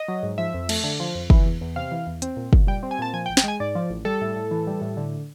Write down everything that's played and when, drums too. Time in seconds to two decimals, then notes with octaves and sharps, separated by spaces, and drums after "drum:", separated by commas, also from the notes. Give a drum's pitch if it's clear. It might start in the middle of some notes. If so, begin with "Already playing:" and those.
Already playing: D#5
0.08 F#3
0.23 G#2
0.38 F3 E5
0.54 F2
0.69 A3, drum: cymbal
0.84 D3
1.00 F3
1.15 F2
1.30 E3, drum: kick
1.46 E2
1.61 E2
1.76 C3 F5
1.92 E3
2.07 E2
2.22 C4, drum: hi-hat
2.37 A#2
2.53 A#2, drum: kick
2.67 G3 G5
2.83 C4
2.91 G#5
2.99 A#2 A5
3.14 F3 G#5
3.26 G5
3.29 A1
3.37 G5, drum: snare
3.44 G#3 G#5
3.60 G#2 D5
3.75 F3
3.90 A1
4.05 G3 A4
4.21 A2
4.36 A2
4.51 E3
4.67 G3
4.82 A2
4.97 D3